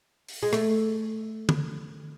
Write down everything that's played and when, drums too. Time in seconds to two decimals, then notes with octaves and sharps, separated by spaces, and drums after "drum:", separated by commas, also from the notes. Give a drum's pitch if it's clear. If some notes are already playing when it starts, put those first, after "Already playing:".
0.28 drum: open hi-hat
0.43 G#3
0.53 A3, drum: rim click
1.49 drum: tom